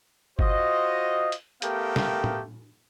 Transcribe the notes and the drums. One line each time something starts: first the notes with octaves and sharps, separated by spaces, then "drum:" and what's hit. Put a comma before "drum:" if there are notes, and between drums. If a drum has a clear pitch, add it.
F4 F#4 C5 D#5, drum: kick G1
drum: hi-hat
A3 B3 G4 A#4 F5 G5, drum: hi-hat
drum: snare
drum: tom A2